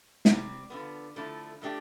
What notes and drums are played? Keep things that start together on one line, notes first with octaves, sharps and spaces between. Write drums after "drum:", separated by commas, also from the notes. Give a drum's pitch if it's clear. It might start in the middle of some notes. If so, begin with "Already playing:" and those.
C3 G3 C4, drum: snare
D3 F3 B3
D3 F3 A3 E4
F3 A3 D4 G4